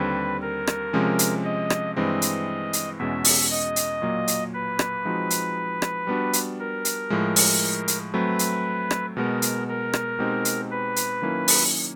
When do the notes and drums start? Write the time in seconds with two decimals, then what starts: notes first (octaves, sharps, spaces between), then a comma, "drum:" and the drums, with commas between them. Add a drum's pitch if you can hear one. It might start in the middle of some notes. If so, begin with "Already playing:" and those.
Already playing: D#2 D3 G3 C4 B4
0.42 A#4
0.67 drum: rim click
0.93 C3 F3 G#3 C#4
1.19 drum: hi-hat
1.44 D#5
1.70 drum: rim click
1.97 G2 E3 G#3 C4 D#5
2.22 drum: hi-hat
2.73 drum: hi-hat
2.99 E2 B2 G#3 C#4 E5
3.25 drum: open hi-hat
3.51 D#5
3.76 drum: hi-hat
4.02 A#2 F#3 A#3
4.28 drum: hi-hat
4.53 B4
4.79 drum: rim click
5.05 F3 G#3 C4 D#4 F#4
5.30 drum: hi-hat
5.82 drum: rim click
6.07 G3 B3 D4 F#4
6.33 drum: hi-hat
6.59 A#4
6.85 drum: hi-hat
7.10 A2 F3 G#3
7.36 drum: open hi-hat
7.88 drum: hi-hat
8.13 F#3 A3 C4 B4
8.39 drum: hi-hat
8.91 drum: rim click
9.17 B2 G#3 B3 A#4
9.42 drum: hi-hat
9.68 A#4
9.93 drum: rim click
10.19 B2 G#3 C4 D#4 G4
10.45 drum: hi-hat
10.71 B4
10.96 drum: hi-hat
11.22 D#3 F#3 A#3 C#4 E4
11.48 drum: open hi-hat